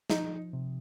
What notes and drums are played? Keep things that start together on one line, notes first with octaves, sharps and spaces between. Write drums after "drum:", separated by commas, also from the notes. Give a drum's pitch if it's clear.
F3 D#4, drum: snare
C3